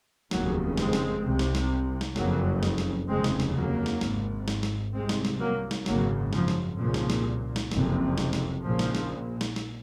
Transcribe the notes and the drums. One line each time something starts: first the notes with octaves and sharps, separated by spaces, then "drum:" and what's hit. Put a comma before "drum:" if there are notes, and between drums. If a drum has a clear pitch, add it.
F1 D#2 C#3 F#3 A#3, drum: snare
G#3 C4, drum: snare
drum: snare
C2 C3
drum: snare
drum: snare
drum: snare
F#1 F2 C#3 F#3 A#3, drum: snare
drum: snare
drum: snare
F1 D#2 C#3 G#3 C4
drum: snare
drum: snare
F#3 A#3
drum: snare
G#1 G#2, drum: snare
drum: snare
drum: snare
C2 C3 G#3 C4
drum: snare
drum: snare
F#3 A#3
drum: snare
G#1 F#2 C#3 F#3 A#3, drum: snare
C#3 F3, drum: snare
drum: snare
C2 A#2 C#3 F3
drum: snare
drum: snare
drum: snare
F#1 F2 C3, drum: snare
drum: snare
drum: snare
A#1 A#2 C#3 F3
drum: snare
drum: snare
drum: snare
drum: snare